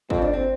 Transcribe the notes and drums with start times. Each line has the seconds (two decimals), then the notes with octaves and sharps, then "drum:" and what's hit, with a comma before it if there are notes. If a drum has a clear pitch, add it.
0.10 F2 C4, drum: kick
0.22 D4
0.33 C4